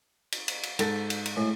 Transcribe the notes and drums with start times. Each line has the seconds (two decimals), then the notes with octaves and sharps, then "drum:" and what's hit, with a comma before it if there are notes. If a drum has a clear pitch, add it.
0.32 drum: cymbal
0.48 drum: cymbal
0.63 drum: cymbal
0.79 G#2 A4 A6, drum: cymbal
1.10 drum: cymbal
1.26 drum: cymbal
1.36 A2 G#3